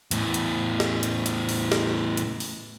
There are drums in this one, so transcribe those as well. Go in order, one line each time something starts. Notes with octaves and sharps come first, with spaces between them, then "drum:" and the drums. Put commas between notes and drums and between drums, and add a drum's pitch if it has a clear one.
E2 A2, drum: hi-hat
drum: hi-hat
drum: snare
drum: hi-hat
drum: hi-hat
drum: open hi-hat
drum: snare
drum: hi-hat
drum: open hi-hat